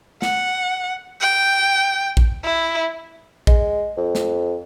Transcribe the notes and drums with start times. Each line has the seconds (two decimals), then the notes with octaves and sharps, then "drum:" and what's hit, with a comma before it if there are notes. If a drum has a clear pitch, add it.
0.22 F#5, drum: snare
1.21 G5
2.17 drum: kick A1
2.44 E4
3.47 G#3, drum: kick A1
3.97 F2
4.15 drum: snare